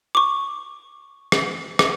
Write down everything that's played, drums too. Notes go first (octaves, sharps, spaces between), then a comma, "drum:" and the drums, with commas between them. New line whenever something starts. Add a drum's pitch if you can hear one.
C#6 D6
drum: rim click
drum: rim click